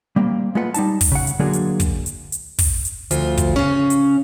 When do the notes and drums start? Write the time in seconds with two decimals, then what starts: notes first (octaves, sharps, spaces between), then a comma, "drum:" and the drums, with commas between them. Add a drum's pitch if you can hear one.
0.16 G3 A#3 C4
0.55 G#3 A3 F4 B4 F#5
0.74 G3 D#4 A5, drum: hi-hat
1.01 drum: kick, open hi-hat
1.12 C#3 F#5
1.27 drum: hi-hat
1.40 D3 F#3 G#3 A#3 D4 G#4
1.53 drum: hi-hat
1.80 drum: kick, hi-hat
2.06 drum: hi-hat
2.32 drum: hi-hat
2.59 drum: kick, open hi-hat
2.85 drum: hi-hat
3.11 D2 F3 F4, drum: hi-hat
3.37 drum: kick, hi-hat
3.56 C#3 C#4
3.90 drum: hi-hat